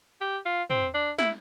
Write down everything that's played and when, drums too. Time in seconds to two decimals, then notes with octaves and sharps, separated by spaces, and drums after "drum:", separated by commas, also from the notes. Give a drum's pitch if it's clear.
0.21 G4
0.45 F4
0.70 C4, drum: tom
0.94 D4
1.19 E4, drum: snare